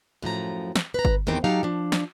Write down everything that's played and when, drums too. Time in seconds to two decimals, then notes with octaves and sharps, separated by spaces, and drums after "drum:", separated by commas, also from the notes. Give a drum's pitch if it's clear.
0.22 F#2 A2 F3 A#5
0.76 drum: snare
0.94 B4 A#5
1.05 drum: kick G1
1.27 E2 A2 D#3 C4 G4
1.44 F#3 D#4 G4 A4 F5 A5
1.63 F3 D4
1.92 drum: snare